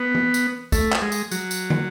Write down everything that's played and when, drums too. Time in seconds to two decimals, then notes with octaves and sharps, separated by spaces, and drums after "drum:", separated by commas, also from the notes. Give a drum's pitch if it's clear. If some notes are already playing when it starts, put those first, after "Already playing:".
Already playing: B3
0.15 drum: tom E3
0.34 drum: tambourine
0.72 A3, drum: kick, tambourine
0.92 drum: clap
1.02 G#3
1.12 drum: tambourine
1.32 F#3, drum: tambourine
1.51 drum: tambourine
1.70 drum: tom